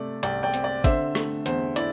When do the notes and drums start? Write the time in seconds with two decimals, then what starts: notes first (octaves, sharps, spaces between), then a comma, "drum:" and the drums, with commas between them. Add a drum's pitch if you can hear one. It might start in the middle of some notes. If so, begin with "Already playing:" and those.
Already playing: C3 A3 D5
0.23 C2 D5 G5, drum: hi-hat
0.43 D5 G5
0.54 C4, drum: hi-hat
0.64 D5
0.84 D3 C5 E5, drum: kick G#1, hi-hat
1.15 A3, drum: rim click
1.46 E2 C5, drum: hi-hat
1.76 E4 D5, drum: hi-hat